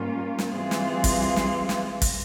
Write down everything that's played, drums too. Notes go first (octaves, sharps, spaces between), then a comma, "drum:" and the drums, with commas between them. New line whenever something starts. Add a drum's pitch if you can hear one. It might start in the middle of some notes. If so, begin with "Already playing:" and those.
Already playing: G#2 G3 A#3 C#4 F4
drum: snare
E3 G3 C4 F4 G#4
drum: snare
drum: kick, open hi-hat
drum: snare
drum: snare
drum: kick, open hi-hat